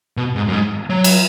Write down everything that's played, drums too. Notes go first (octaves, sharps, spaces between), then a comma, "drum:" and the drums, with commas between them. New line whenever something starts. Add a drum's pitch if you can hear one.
B2
G#2
F#2
G#2
F#3
drum: cymbal